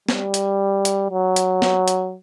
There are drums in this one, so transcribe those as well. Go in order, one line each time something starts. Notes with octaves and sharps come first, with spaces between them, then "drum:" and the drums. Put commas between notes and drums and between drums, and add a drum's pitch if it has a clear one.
G3, drum: snare
drum: hi-hat
drum: hi-hat
F#3
drum: hi-hat
drum: snare
drum: hi-hat